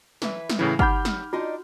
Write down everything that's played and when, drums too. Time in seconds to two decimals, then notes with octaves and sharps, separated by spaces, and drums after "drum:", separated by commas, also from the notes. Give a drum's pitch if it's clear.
0.22 E3 B4 E5, drum: snare
0.50 drum: snare
0.59 A2 C#3 E3 E4
0.79 D#4 G4 F#5 B5 F6 G6, drum: kick G1
1.05 drum: snare
1.33 D4 D#4 F4 F#4 D#5